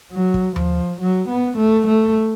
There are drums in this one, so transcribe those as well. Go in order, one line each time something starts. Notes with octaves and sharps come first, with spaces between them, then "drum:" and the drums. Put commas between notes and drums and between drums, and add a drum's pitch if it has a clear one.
F#3
drum: kick
F3, drum: tom D#2
F#3
B3
A3
A3